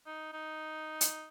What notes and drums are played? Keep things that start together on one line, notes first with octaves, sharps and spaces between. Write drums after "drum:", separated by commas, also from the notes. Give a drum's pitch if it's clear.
D#4
D#4
drum: hi-hat